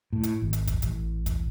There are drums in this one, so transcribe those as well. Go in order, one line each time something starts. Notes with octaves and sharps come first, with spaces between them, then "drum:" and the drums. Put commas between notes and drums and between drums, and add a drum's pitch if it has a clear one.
A2
drum: hi-hat
G#1
drum: hi-hat
drum: kick, hi-hat
A1, drum: hi-hat
drum: kick, hi-hat